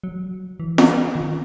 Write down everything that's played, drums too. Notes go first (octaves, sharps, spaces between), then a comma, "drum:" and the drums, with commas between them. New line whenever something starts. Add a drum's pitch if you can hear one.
F#3
E3
drum: snare F4
D#3